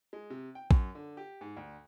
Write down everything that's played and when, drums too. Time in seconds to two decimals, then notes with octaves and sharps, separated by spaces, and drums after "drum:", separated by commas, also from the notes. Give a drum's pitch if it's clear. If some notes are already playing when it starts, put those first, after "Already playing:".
0.13 G#3
0.30 C3
0.55 G5
0.71 F#2, drum: kick
0.95 D3
1.17 G4
1.41 G#2
1.56 D2